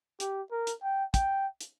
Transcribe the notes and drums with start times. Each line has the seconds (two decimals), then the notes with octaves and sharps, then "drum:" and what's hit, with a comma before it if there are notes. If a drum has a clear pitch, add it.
0.20 G4, drum: hi-hat
0.51 A#4
0.67 drum: hi-hat
0.83 G5
1.14 G5, drum: kick, hi-hat
1.61 drum: hi-hat